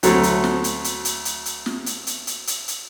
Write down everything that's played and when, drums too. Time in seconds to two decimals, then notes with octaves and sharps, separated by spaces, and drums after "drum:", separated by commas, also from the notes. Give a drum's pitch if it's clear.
0.03 D2 F#3 A3 C4, drum: hi-hat
0.23 drum: hi-hat
0.44 drum: snare
0.64 drum: hi-hat
0.84 drum: hi-hat
1.05 drum: hi-hat
1.25 drum: hi-hat
1.46 drum: hi-hat
1.66 drum: snare
1.86 drum: hi-hat
2.07 drum: hi-hat
2.27 drum: hi-hat
2.47 drum: hi-hat
2.68 drum: hi-hat